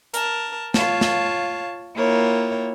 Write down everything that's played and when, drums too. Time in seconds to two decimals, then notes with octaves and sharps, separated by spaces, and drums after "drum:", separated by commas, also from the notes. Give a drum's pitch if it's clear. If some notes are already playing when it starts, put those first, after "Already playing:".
0.14 A#4 A5, drum: hi-hat
0.74 F4 C#5 F5 A5, drum: snare
1.01 drum: snare
1.95 A#3 E4 F4 A#4 C#5 G5